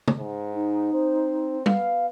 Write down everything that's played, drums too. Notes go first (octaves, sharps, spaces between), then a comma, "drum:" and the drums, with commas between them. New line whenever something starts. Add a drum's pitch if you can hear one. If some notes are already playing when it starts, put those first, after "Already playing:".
drum: tom
G#2
D#4
C4 C5
B3 F5, drum: tom